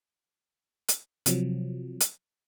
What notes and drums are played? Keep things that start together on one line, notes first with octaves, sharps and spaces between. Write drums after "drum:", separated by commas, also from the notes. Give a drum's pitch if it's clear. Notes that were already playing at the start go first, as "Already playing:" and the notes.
drum: hi-hat
C3 F3 F#3, drum: hi-hat
drum: hi-hat